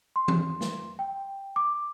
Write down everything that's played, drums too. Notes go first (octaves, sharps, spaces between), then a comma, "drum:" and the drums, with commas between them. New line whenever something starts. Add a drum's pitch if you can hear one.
C6
drum: tom E3
drum: snare
G5
D6